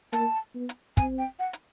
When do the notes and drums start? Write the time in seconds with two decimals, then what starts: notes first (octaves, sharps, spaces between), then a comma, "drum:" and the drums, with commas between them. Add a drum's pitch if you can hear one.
0.13 A#3 A5, drum: hi-hat
0.55 B3
0.69 drum: hi-hat
0.97 C4 G#5, drum: kick, hi-hat
1.18 G5
1.39 F#5
1.53 drum: hi-hat